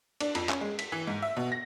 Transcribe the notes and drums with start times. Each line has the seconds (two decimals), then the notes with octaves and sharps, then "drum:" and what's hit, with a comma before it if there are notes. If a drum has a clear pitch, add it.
0.21 D4, drum: cymbal
0.35 F2, drum: cymbal
0.49 C#4, drum: clap
0.61 G#3
0.79 B6, drum: cymbal
0.92 E3
1.07 G#2
1.22 E5
1.37 B2
1.52 A#6